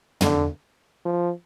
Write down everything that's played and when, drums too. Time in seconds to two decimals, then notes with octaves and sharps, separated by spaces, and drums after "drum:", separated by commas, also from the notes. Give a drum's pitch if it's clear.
0.21 D3, drum: tom
1.05 F3